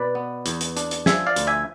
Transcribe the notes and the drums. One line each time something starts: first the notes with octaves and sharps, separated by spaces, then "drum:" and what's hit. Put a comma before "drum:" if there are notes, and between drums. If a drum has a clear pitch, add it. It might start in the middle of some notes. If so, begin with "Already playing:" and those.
Already playing: B2 B4 D5
B3
E2, drum: hi-hat
drum: hi-hat
D4, drum: hi-hat
drum: hi-hat
F3 E5 G#5, drum: snare
D5 F5
D2, drum: hi-hat
E5 G#5